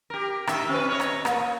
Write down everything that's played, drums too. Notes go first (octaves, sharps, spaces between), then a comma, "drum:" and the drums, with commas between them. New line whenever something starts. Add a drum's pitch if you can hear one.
G4 A#4
D#3 E5, drum: rim click
C4 C#4 B4
C#5 D#5
drum: rim click
A#3, drum: rim click